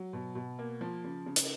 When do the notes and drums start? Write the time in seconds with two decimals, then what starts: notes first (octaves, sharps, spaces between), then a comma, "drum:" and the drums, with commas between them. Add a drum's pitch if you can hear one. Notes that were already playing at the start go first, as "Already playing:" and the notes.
Already playing: F#3
0.13 B2
0.35 B2
0.59 A#3
0.81 F3
1.04 C#3
1.26 C#3
1.36 drum: hi-hat